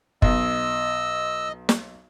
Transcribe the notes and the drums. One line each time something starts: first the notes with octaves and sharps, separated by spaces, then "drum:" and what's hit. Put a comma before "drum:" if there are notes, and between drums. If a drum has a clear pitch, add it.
B1 D#5 E6, drum: kick
drum: snare